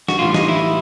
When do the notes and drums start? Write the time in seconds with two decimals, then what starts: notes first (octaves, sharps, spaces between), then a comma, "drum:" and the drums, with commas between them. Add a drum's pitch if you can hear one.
0.08 F#4, drum: snare
0.19 A2 E3 G3 F4
0.34 D#4, drum: snare
0.49 E4